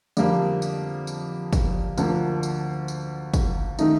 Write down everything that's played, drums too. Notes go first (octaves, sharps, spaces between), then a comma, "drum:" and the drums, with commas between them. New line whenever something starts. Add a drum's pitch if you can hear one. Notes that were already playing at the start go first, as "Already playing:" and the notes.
F2 D3 G3 A#3, drum: tambourine
drum: tambourine
drum: tambourine
drum: kick, tambourine
D2 D3 F3 A#3, drum: tambourine
drum: tambourine
drum: tambourine
drum: kick, tambourine
D#3 A3 D#4, drum: tambourine